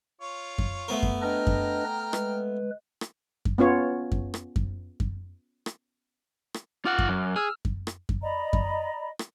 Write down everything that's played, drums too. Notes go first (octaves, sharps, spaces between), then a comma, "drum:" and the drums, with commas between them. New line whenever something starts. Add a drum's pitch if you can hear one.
F4 C#5
drum: kick F#2
A3 B3 A#4
drum: kick F#2
D4 B4 D#5 G5 A#5 F6
drum: kick F#2
G#3 B4, drum: rim click
drum: rim click
drum: kick F#2
B3 C#4 F4 C#5
drum: kick F#2
drum: rim click
drum: kick F#2
drum: kick F#2
drum: rim click
drum: rim click
F4 F#5 D6 F6 F#6
drum: kick F#2
F#2
G#4 E6 F6
drum: kick F#2
drum: rim click
drum: kick F#2
D5 D#5 A#5 B5
drum: kick F#2
drum: rim click